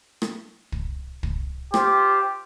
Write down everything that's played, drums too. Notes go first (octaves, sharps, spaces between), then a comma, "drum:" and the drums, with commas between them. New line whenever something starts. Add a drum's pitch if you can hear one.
drum: rim click
drum: kick
drum: kick
F4 G4 C5, drum: rim click